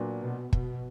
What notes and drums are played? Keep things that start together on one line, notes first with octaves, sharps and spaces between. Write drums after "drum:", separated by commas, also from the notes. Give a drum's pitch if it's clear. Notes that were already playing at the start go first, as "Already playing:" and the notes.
Already playing: A#2 F#3 B3 D4
B2
B2, drum: kick